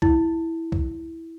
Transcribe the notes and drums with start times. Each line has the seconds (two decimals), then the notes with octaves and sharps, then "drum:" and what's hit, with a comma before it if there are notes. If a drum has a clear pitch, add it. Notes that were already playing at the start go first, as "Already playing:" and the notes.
0.02 E4, drum: kick
0.72 drum: kick